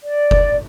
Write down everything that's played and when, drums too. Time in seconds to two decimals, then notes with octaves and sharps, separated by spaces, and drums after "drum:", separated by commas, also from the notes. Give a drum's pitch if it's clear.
0.04 D5
0.31 drum: kick F1